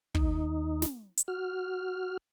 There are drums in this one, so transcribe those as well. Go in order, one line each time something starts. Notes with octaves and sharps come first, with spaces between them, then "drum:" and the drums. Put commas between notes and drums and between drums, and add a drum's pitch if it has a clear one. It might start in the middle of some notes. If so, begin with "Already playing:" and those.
D#2 D#4, drum: kick
drum: snare
drum: hi-hat
F#4 F6